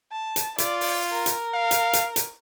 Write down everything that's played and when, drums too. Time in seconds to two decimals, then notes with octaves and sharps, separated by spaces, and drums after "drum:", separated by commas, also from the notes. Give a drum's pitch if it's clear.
0.12 A5
0.36 drum: hi-hat
0.58 F4 D5, drum: hi-hat
0.81 drum: open hi-hat
1.12 A#4
1.26 drum: hi-hat
1.54 F5
1.71 drum: hi-hat
1.93 drum: hi-hat
2.16 drum: hi-hat